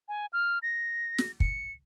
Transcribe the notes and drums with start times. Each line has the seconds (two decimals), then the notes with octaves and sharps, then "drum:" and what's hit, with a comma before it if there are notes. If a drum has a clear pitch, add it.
0.09 G#5
0.33 F6
0.63 A#6
1.18 drum: snare
1.40 C#7, drum: kick